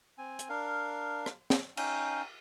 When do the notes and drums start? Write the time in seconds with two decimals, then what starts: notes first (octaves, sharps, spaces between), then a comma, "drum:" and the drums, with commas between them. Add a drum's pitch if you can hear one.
0.18 C4 G#5
0.39 drum: hi-hat
0.49 D4 A#4 F5
1.26 drum: rim click
1.50 drum: snare
1.77 C#4 D#4 F5 G5, drum: cymbal